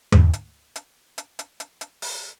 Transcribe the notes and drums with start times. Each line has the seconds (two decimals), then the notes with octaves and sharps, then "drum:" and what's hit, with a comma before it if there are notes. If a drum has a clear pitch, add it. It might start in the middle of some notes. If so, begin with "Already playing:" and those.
0.12 D2 G#2, drum: tom E2
0.33 drum: hi-hat
0.76 drum: hi-hat
1.18 drum: hi-hat
1.39 drum: hi-hat
1.60 drum: hi-hat
1.81 drum: hi-hat
2.02 drum: open hi-hat